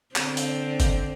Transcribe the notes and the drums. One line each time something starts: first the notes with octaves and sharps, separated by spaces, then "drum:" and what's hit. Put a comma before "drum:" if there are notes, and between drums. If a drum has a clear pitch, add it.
D3 C4, drum: clap
drum: hi-hat
drum: kick, hi-hat